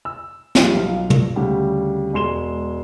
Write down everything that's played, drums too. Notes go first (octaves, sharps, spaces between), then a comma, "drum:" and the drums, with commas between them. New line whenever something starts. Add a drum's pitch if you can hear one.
E6
F3 G3 E4 F4, drum: snare
B1 F4 F5
drum: tom
D2 C#3 G3
E1 G#3 C6 E7 G7